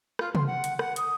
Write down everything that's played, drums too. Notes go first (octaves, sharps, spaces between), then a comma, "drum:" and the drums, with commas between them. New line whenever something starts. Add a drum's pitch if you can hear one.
F4, drum: rim click
C6, drum: tom
F#5
drum: hi-hat
F#5, drum: rim click
D#6, drum: hi-hat